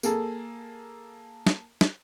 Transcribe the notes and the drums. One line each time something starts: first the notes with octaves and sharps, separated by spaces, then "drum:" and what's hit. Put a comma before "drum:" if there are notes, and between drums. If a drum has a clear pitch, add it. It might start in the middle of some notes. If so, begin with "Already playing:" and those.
A#3 G#4 A4, drum: tambourine
drum: snare
drum: snare